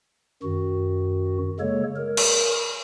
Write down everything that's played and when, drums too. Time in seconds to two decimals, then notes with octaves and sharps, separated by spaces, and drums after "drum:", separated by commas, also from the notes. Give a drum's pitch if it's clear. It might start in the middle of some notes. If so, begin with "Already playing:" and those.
0.43 F#2 D#3 F#4
1.60 C#3 G#3 A#3 A4 C#5
1.96 A#4
2.17 drum: cymbal